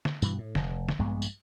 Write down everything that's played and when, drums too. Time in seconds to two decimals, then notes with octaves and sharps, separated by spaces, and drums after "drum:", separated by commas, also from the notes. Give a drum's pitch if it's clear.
0.05 drum: snare D3
0.22 G2 B2 D3 E3, drum: tambourine
0.38 A2
0.55 F1, drum: snare D3
0.89 drum: snare D3
0.99 A#1 G2 G#3 B3
1.22 drum: tambourine